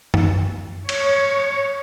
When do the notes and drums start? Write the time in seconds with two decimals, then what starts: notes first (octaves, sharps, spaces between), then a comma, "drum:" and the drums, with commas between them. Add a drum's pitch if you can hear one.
0.14 drum: tom F#2
0.89 C#5, drum: cymbal